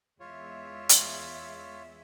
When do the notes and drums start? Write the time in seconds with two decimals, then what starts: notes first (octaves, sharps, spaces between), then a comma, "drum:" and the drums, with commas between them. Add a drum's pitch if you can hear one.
0.20 E2 G#3 F4 C#5 E5
0.89 drum: hi-hat